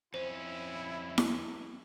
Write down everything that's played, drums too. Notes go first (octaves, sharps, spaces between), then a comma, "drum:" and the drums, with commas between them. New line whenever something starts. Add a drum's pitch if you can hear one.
F2 C#4 E4 C5
drum: snare E4